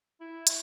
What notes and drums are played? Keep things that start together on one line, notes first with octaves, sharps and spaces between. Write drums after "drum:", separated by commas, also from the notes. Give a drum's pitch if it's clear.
E4
drum: hi-hat